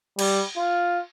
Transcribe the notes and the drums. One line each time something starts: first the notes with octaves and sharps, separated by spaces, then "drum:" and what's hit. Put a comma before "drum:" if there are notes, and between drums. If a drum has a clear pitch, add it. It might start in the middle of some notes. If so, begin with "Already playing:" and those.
G3, drum: cymbal
F4